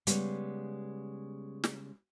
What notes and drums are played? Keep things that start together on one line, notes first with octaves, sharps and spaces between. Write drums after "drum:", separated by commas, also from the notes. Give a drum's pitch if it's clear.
C#3 G3 G#3 B3, drum: hi-hat
drum: snare